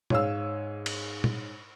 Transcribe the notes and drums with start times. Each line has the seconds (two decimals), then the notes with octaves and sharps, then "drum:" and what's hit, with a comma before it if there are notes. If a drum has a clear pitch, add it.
0.10 G#2 C#5 F5 E6, drum: tom A#2
0.86 drum: cymbal
1.24 drum: tom A#2